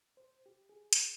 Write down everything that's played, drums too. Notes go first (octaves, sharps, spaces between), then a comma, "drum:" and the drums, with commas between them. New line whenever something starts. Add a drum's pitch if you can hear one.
C5
G4
G#4
drum: hi-hat